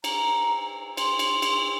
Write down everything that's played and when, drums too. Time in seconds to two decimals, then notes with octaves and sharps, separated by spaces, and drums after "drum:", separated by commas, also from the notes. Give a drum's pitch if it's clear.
0.04 A#5, drum: cymbal
0.97 C6, drum: cymbal
1.19 drum: cymbal
1.42 drum: cymbal